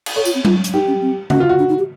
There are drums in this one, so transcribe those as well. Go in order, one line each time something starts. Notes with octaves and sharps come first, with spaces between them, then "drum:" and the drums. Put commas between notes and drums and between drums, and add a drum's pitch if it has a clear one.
drum: cymbal
A4 C#5
F4, drum: tambourine
C4
F4, drum: tom F#3
drum: hi-hat
D#4 G4
C#4
C4
C#4 F#4, drum: tom C#3
F4
F#4
D4
D#4
G4